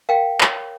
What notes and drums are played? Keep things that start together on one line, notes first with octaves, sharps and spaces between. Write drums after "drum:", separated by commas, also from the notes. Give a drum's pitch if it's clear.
A#4 F5 G5
C#5, drum: clap